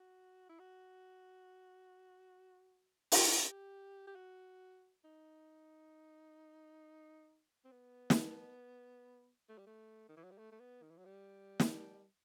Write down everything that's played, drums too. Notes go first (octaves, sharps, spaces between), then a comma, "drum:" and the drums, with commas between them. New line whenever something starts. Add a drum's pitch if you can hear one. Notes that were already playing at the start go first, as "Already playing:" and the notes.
Already playing: F#4
E4
F#4
drum: open hi-hat
G4
G4
F#4
D#4
C4
B3
drum: snare
A3
G3
A3
D#3
E3
F#3
G3
A3
A3
B3
D#3
E3
F#3
G3
drum: snare